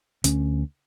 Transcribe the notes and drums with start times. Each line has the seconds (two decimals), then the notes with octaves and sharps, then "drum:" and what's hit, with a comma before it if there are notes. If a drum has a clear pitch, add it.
0.24 D2 C#4, drum: hi-hat